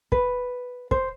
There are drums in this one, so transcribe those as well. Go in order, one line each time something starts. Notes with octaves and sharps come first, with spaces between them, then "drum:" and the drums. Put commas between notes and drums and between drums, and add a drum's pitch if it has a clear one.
B4, drum: kick
C5, drum: kick